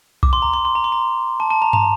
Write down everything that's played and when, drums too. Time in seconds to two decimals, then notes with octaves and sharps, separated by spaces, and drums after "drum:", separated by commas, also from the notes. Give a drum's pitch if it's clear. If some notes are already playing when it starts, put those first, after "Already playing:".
0.23 D6, drum: kick B1
0.33 C6
0.42 A#5
0.53 C6
0.65 C6
0.75 A#5
0.84 C6
0.92 A#5
1.40 A5
1.50 A5
1.62 A#5
1.73 A#5, drum: tom